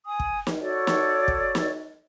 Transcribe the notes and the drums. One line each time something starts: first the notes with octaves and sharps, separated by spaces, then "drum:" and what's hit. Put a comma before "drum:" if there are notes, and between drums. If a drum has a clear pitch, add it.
G#5 D#6
drum: kick
drum: snare
F#4 A4 C#5 D5
drum: snare
drum: kick
drum: snare